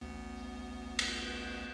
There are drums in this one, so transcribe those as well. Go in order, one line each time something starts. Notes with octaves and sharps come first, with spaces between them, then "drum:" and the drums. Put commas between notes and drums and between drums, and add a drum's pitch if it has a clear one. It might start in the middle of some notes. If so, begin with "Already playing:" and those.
A1 D2 B3
drum: cymbal